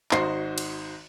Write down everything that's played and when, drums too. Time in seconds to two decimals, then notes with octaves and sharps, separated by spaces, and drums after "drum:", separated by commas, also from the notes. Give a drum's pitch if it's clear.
0.11 G#1 D#4 F#4 C5 C6 C7, drum: clap
0.58 drum: cymbal